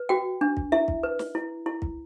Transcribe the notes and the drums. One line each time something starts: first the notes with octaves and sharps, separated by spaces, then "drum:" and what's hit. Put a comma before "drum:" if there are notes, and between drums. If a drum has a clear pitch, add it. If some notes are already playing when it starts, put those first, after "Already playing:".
Already playing: B4
F#4 G5
D4
drum: kick
E4 E5
drum: kick
B4
drum: snare
E4
E4
drum: kick